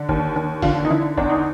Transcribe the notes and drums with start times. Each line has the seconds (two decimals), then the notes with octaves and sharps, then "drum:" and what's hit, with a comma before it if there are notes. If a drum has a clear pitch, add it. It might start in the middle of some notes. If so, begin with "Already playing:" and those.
Already playing: D3
0.09 D#2, drum: kick G1
0.36 D#2
0.62 D3 F4, drum: kick G1, open hi-hat
0.85 D#4
0.90 D3 E4
1.17 E2 D4, drum: kick G1
1.30 D#4